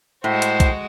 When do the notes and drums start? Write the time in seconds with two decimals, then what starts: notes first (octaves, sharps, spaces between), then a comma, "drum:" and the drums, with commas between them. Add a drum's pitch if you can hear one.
0.24 A2 G#3 F#4 C5
0.42 drum: hi-hat
0.60 drum: kick C2, hi-hat